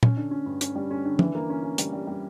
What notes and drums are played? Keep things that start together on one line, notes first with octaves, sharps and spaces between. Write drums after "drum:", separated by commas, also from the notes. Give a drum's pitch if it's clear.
C#4, drum: tom A#2
D3
C#4
G2
C#4, drum: hi-hat
G3
C#4
D3
E3, drum: tom
A#3
C#4
C#4
G3, drum: hi-hat
G3
G3